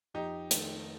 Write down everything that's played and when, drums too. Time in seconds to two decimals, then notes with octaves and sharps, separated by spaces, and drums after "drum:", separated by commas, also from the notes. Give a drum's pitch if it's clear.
0.14 F2 D#4 G4
0.51 D#3 A3, drum: hi-hat